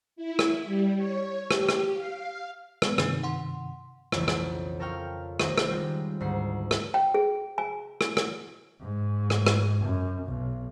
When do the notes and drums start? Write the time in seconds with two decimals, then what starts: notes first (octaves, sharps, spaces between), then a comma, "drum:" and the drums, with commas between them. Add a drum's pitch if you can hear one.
0.16 E4
0.39 drum: rim click
0.66 G3
0.96 C#5
1.51 G4, drum: rim click
1.69 drum: rim click
1.93 F5
2.82 G#3 B3, drum: rim click
2.98 G2 C3 D#3 D#4, drum: rim click
3.23 F#5 C6
4.12 B1 F2 C#3 E3, drum: rim click
4.28 drum: rim click
4.79 A4 A#4 C#5 F5 G5 F6
5.40 B1 D#3 D#4 G4 C5, drum: rim click
5.58 drum: rim click
5.69 G3 G#3 C4 F4 G4
6.20 D2 G#2 D#4 C7
6.71 drum: rim click
6.94 G5
7.14 G#4
7.58 G#5
8.01 drum: rim click
8.17 drum: rim click
8.81 G#2
9.30 drum: rim click
9.46 drum: rim click
9.83 F#2
10.26 B1